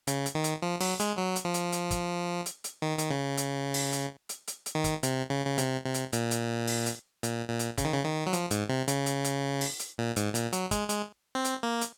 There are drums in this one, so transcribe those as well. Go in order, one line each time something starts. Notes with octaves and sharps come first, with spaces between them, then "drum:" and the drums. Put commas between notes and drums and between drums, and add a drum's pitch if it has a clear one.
C#3, drum: hi-hat
drum: hi-hat
D#3
drum: hi-hat
F3
F#3, drum: open hi-hat
G#3, drum: hi-hat
F#3
drum: hi-hat
F3
drum: hi-hat
drum: hi-hat
drum: kick, hi-hat
drum: hi-hat
drum: hi-hat
D#3
D#3, drum: hi-hat
C#3
drum: hi-hat
drum: open hi-hat
drum: hi-hat
drum: hi-hat
drum: hi-hat
drum: hi-hat
D#3
drum: kick, hi-hat
C3, drum: hi-hat
C#3
C#3
C3, drum: hi-hat
C3
drum: hi-hat
A#2, drum: hi-hat
drum: hi-hat
drum: open hi-hat
drum: hi-hat
A#2, drum: hi-hat
A#2
drum: hi-hat
C#3, drum: kick, hi-hat
D#3
C#3
D#3
F#3
F3, drum: hi-hat
G#2, drum: hi-hat
C3
C#3, drum: hi-hat
drum: hi-hat
drum: hi-hat
drum: open hi-hat
drum: hi-hat
A#2
G#2, drum: hi-hat
A#2, drum: hi-hat
F#3, drum: hi-hat
G#3, drum: kick, hi-hat
G#3, drum: hi-hat
C4
drum: hi-hat
A#3
drum: hi-hat